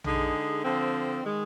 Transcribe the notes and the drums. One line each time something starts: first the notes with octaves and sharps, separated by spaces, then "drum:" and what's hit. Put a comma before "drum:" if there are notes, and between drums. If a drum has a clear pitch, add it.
D3 G#3 D#4 G#4, drum: tom A#1
D3 F3 C4
D#3 G#3